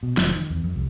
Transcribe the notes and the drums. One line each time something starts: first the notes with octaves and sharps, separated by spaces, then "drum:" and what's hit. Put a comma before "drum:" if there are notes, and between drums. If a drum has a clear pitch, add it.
B2
F1, drum: snare
D#3
E2
F2
C2